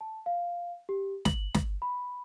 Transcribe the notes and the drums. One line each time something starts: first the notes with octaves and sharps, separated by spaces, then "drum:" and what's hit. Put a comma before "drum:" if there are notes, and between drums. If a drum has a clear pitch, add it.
A5
F5
G4
F#7, drum: snare
drum: snare
B5